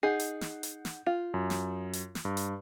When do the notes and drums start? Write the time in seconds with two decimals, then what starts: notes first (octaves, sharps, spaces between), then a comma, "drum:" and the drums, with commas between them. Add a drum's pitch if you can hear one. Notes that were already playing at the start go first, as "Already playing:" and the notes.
0.03 D#4 G#4 F#5 G6 C7
0.20 drum: hi-hat
0.41 drum: snare
0.63 drum: hi-hat
0.85 drum: snare
1.06 F4
1.34 F#2
1.50 drum: snare
1.93 drum: hi-hat
2.15 drum: snare
2.25 G2
2.37 drum: hi-hat